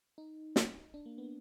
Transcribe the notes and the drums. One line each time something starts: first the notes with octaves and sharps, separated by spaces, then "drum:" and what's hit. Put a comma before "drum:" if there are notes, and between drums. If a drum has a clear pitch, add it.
D#4
drum: snare
D4
A#3
B3